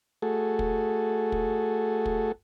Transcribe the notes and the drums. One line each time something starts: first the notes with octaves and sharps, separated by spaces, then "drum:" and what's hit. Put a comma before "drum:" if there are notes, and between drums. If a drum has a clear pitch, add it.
A3 F#4 G#4 A4
drum: kick
drum: kick
drum: kick